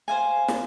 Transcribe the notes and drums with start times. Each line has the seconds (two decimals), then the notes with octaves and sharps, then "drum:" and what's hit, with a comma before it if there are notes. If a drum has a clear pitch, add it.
0.08 C5 F5 G#5
0.48 drum: snare